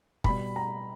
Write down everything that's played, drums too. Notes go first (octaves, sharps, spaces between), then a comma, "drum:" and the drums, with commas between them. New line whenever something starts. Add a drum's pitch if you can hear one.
B2 G3 B5, drum: kick
A#5